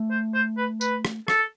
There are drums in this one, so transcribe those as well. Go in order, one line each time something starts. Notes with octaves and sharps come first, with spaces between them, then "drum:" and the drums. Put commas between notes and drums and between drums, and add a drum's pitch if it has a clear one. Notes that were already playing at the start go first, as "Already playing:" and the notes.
Already playing: A3
C5
C5
B4
B4, drum: tambourine
drum: rim click
A4, drum: rim click